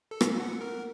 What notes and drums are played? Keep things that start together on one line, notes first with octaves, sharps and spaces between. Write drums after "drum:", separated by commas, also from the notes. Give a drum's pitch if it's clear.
A4
drum: rim click
F#5
A#4